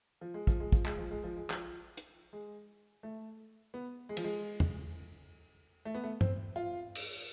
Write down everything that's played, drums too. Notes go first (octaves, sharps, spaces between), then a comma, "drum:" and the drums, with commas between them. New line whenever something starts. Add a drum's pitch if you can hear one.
F3
G#3
F3, drum: kick
G#3
F3, drum: kick
G#3, drum: clap
F3
G#3
F3
G#3
F3, drum: clap
drum: hi-hat
G#3
A3
B3
G#3
F3, drum: cymbal
G#3
drum: tom
A3
B3
A3
C4, drum: tom
F4
drum: cymbal